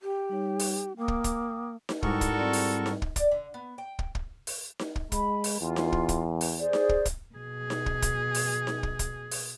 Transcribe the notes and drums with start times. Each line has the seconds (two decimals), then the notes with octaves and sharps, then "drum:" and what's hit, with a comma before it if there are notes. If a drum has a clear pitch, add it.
0.01 G4
0.29 G3 D#4 C#5
0.60 drum: open hi-hat
0.97 A#3 G5 D6 D#6
1.08 drum: kick
1.24 drum: kick, hi-hat
1.89 drum: snare D#4
2.03 G#2 G3 D#4 E4 F#4 A4 A#4 C#6, drum: kick
2.21 drum: kick, hi-hat
2.38 C4 E4 D5
2.53 drum: open hi-hat
2.86 drum: snare D#4
3.02 drum: kick
3.16 D5, drum: kick, hi-hat
3.31 D3
3.54 B3
3.78 G5
3.99 drum: kick
4.15 drum: kick
4.47 drum: open hi-hat
4.79 drum: snare D#4
4.96 drum: kick
5.12 G#3 B5, drum: kick, hi-hat
5.44 drum: open hi-hat
5.61 E2 F4
5.76 drum: snare D#4
5.92 drum: kick
6.09 drum: kick, hi-hat
6.41 drum: open hi-hat
6.58 G#4 C5 D5
6.73 drum: snare D#4
6.89 drum: kick
7.05 drum: kick, hi-hat
7.34 B2 G#4
7.70 drum: snare D#4
7.86 drum: kick
8.02 drum: kick, hi-hat
8.35 drum: open hi-hat
8.67 drum: snare D#4
8.83 drum: kick
8.99 drum: kick, hi-hat
9.32 drum: open hi-hat